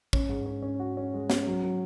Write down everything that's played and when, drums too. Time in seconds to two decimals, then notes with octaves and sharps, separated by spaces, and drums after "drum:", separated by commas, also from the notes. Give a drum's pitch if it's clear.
0.13 C#4, drum: kick
0.29 G#2
0.46 C#4
0.62 C#4
0.80 F#4
0.97 C#4
1.14 G#3
1.30 C#4, drum: snare
1.47 F#3
1.63 F#3